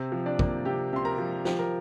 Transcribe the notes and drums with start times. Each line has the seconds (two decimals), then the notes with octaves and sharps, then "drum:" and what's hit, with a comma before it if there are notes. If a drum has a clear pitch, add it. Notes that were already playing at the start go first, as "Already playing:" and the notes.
Already playing: C3 C4 C5
0.12 F3
0.26 D4 D5
0.39 A#3, drum: kick
0.65 C3 G4 G5
0.93 C3 C6
1.05 A#4 A#5
1.18 F3
1.45 F3 G4, drum: snare
1.59 A#4